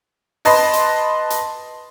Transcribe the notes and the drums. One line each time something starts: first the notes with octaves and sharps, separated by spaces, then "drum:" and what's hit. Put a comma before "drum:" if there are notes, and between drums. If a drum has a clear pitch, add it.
B4 D#5 A5 B5 C6, drum: open hi-hat
drum: hi-hat
drum: hi-hat